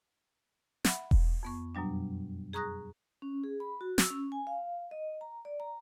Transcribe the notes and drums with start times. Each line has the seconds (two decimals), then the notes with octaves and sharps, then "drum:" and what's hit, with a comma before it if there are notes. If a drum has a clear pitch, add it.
0.85 E5 F#5 B5, drum: snare
1.11 drum: kick E1
1.43 F2 B3 C#6
1.75 F#2 B2 F#3 G3 D4
2.53 G#4 A#5 C#6 D#6 F#6 A#6
3.22 C#4
3.44 G#4
3.60 B5
3.81 F#4
3.98 E6, drum: snare
4.10 C#4
4.32 G#5
4.47 F5
4.91 D#5
5.21 A#5
5.45 D5
5.60 A#5